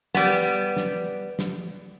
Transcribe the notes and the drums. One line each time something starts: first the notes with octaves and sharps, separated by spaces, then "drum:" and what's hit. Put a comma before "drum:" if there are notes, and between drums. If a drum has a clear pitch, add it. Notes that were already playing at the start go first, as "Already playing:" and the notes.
G3 B3, drum: snare
drum: snare
drum: snare